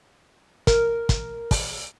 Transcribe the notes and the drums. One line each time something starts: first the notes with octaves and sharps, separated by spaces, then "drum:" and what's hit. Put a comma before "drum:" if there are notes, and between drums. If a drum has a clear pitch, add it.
A#4, drum: kick, hi-hat
drum: kick, hi-hat
drum: kick, open hi-hat